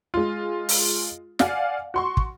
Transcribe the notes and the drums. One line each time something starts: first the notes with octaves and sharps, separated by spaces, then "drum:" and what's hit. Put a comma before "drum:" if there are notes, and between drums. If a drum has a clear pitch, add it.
G#3 F4
drum: open hi-hat
D5 F5 F#5 G#5, drum: snare
F#4 C6 C#6
drum: kick